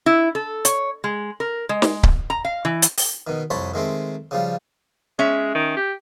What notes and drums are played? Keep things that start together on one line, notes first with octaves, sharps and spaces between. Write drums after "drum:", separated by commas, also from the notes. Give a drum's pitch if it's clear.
E4
A4
C#5, drum: hi-hat
G#3
A#4
G#3
drum: snare
drum: kick C#1
A#5
F5
E3
drum: hi-hat
drum: open hi-hat
B2 D#3
C2 F2 C5 C#5 A5 B5
D#3 G#3 A3 C4
C#3 F3 G3
G#3 C#4 E5
D#3
G4